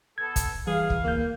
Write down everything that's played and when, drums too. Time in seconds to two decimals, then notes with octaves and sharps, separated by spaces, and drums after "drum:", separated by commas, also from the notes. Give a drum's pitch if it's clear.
0.18 B3 A4 G#6
0.36 drum: kick, hi-hat
0.67 E3 G3 G#4 F5
0.90 drum: kick
1.04 D2 A#3 G6